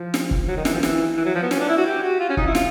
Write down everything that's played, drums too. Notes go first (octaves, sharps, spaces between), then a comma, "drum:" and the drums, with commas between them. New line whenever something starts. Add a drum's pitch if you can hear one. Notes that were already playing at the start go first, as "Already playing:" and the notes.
Already playing: F3
drum: snare
drum: kick
F#3
D#3
E3, drum: snare
F3
E3, drum: snare
E3
F#3
F3
B3
C#4, drum: snare
D4
E4
F#4
G4
F#4
F4
C#4
D#4, drum: kick
E4
F4, drum: snare